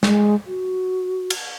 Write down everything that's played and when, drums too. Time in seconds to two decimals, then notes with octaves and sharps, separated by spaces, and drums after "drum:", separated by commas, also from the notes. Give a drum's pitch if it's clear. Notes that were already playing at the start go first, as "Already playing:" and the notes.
0.03 G#3, drum: snare
0.47 F#4
1.30 drum: cymbal